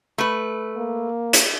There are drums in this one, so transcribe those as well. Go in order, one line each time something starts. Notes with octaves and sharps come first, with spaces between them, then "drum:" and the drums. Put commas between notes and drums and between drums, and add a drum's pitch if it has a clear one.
A3 B4
A#3
drum: hi-hat